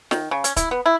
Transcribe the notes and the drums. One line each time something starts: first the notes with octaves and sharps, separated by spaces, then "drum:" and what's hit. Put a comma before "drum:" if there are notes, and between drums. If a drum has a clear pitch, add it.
D#3, drum: snare
C#3
C#4, drum: hi-hat
E4, drum: kick, hi-hat
B3
E4